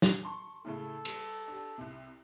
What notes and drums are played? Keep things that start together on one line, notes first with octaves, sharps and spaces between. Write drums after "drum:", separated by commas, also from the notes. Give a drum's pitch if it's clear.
drum: snare
A5 C6 C#6
A2 C#3 A3 A4
G3, drum: cymbal
D4 G4
C2 C3